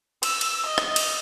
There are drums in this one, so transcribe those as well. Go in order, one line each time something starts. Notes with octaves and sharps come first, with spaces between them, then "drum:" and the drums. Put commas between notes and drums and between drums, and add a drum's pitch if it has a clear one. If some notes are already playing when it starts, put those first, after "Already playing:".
E6, drum: cymbal
drum: cymbal
D#5
drum: rim click
drum: cymbal